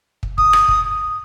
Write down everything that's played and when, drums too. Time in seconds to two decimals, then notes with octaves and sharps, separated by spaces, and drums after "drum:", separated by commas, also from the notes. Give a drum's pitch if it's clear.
0.23 drum: kick
0.38 D#6, drum: kick
0.53 drum: rim click
0.68 drum: kick